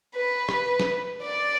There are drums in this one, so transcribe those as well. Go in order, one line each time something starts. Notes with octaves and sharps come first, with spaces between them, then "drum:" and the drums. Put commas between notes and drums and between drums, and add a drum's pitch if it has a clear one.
B4
drum: rim click
drum: snare
D5